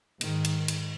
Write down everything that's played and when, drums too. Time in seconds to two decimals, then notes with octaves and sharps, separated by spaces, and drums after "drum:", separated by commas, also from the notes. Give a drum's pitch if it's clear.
0.21 G#2 D#3, drum: cymbal
0.45 drum: cymbal
0.68 drum: cymbal